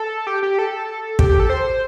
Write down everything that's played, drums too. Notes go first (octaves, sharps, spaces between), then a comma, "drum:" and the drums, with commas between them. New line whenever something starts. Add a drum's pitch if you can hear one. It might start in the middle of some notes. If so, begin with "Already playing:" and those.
Already playing: A4
G4
G4
A4
G4, drum: kick
G4
A4
C5